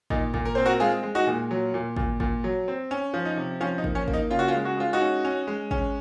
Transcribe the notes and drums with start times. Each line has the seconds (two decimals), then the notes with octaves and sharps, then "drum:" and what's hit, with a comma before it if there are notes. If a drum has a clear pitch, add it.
0.10 A#2 D#4, drum: kick G#1
0.34 A#2, drum: kick G#1
0.45 A#4
0.55 C4 C5
0.65 F#4 A#4
0.80 G#3 F4 G#4
1.03 G#3
1.15 D#4 F#4
1.27 A#2
1.51 F#3
1.74 A#2
1.97 A#2, drum: kick G#1
2.20 A#2, drum: kick G#1
2.44 F#3
2.68 C4
2.91 C#4
3.14 F3
3.25 D#4
3.37 C3
3.60 F3 C#4
3.78 D#4
3.84 A#3, drum: kick G#1
3.95 C#4
4.08 A#3, drum: kick G#1
4.14 D#4
4.30 C#3 F4
4.39 F#4
4.48 C#4 F4
4.54 G#3
4.65 F#4
4.77 G#3 F4
4.93 D#4 F#4
5.01 C#4
5.25 C#4
5.47 G#3
5.71 C#4, drum: kick G#1